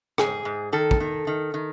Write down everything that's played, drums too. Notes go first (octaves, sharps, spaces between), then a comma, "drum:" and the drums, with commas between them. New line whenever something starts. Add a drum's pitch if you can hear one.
G#2 G#4, drum: rim click
G#2
D#3 A4
drum: kick
D#3
D#3
D#3